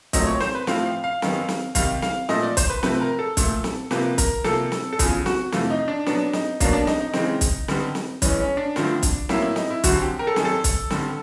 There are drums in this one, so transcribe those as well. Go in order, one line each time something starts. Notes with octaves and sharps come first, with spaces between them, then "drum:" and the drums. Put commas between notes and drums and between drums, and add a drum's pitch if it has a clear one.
A#2 F#3 A3 C4 D#5, drum: kick, hi-hat
C#5
C5, drum: snare
B4
A2 F3 A3 C4 F5, drum: snare
F5
F5
F#2 D#3 G3 B3, drum: snare
drum: snare
C3 D#3 G3 F5, drum: kick, hi-hat
F5, drum: snare
A#2 F3 A3 D#5, drum: snare
D5
C5, drum: kick, hi-hat
B4
C3 F3 A3 C4 B4, drum: snare
A#4
A4
A#2 F3 A3, drum: kick, hi-hat
drum: snare
C3 F3 A#3 B4, drum: snare
A#4, drum: kick, hi-hat
C3 F3 A#3 A4, drum: snare
drum: snare
A4
E2 C#3 F3 G#4, drum: kick, hi-hat
F#4, drum: snare
F2 C3 E3 A3 F4, drum: snare
D#4
D4
B2 F#3 B3 D4, drum: snare
D#4, drum: snare
B2 F#3 A#3 D4, drum: kick, hi-hat
D4
D#4, drum: snare
D#4
C#3 E3 G#3 C4, drum: snare
drum: kick, hi-hat
G2 D3 G3 B3, drum: snare
drum: snare
G2 E3 G#3 B3 C#4, drum: kick, hi-hat
C#4
D4
G2 D3 F3 A3 C4, drum: snare
drum: kick, hi-hat
A2 F#3 A#3 E4, drum: snare
E4
D#4, drum: snare
E4
F#2 D3 G3 C4 F#4, drum: kick, hi-hat
G4
A#4
A4
F#2 D#3 G3 G#4, drum: snare
A4
drum: kick, hi-hat
G2 D3 G3, drum: snare